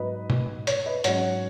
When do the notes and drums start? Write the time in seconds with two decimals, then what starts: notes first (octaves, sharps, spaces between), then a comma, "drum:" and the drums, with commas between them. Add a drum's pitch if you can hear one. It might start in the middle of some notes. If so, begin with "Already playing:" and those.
Already playing: G#2 F#3 B3 D#4 B4 D#5
0.30 drum: tom
0.67 C#5, drum: hi-hat
0.86 B4 D#5
1.04 G#2 F#3 C#4 C#5 F#5, drum: hi-hat